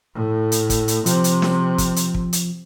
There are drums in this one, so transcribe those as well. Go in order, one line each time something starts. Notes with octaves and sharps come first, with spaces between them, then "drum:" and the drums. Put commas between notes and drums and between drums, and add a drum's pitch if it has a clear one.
A2
drum: hi-hat
drum: kick, hi-hat
drum: hi-hat
C3 F3, drum: hi-hat
drum: hi-hat
drum: snare
drum: kick, hi-hat
drum: hi-hat
drum: kick
drum: hi-hat